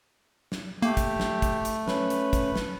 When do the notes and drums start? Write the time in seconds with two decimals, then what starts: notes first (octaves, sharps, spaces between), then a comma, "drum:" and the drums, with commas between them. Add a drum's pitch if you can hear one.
0.52 drum: snare
0.82 A3 A#3 G4
0.97 drum: kick, hi-hat
1.20 drum: snare
1.42 drum: kick, hi-hat
1.65 drum: hi-hat
1.88 C#4 B4, drum: snare
2.10 drum: hi-hat
2.33 drum: kick, hi-hat
2.56 drum: snare